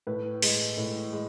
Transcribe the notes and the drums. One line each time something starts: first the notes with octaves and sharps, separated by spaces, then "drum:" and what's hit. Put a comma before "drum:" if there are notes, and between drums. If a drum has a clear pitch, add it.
A2 B4
G#3, drum: open hi-hat
A2
G#3